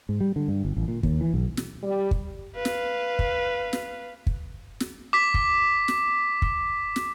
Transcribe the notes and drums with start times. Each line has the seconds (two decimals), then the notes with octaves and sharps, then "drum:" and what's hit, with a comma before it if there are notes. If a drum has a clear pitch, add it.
0.09 G#2
0.21 G3
0.36 D3
0.48 G2
0.65 G1
0.77 A1
0.88 A#2
1.03 D#2, drum: kick
1.21 E3
1.34 B1
1.57 drum: snare
1.83 G3
2.11 drum: kick
2.56 B4 F5
2.65 drum: snare
3.19 drum: kick
3.73 drum: snare
4.27 drum: kick
4.80 drum: snare
5.13 D6 B6
5.34 drum: kick
5.88 drum: snare
6.42 drum: kick
6.96 drum: snare